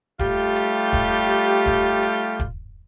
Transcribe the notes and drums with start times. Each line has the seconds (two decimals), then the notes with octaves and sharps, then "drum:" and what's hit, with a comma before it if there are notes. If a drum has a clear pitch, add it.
0.19 G3 A3 F4 G4, drum: kick, hi-hat
0.56 drum: hi-hat
0.93 drum: kick, hi-hat
1.29 drum: hi-hat
1.66 drum: kick, hi-hat
2.03 drum: hi-hat
2.39 drum: kick, hi-hat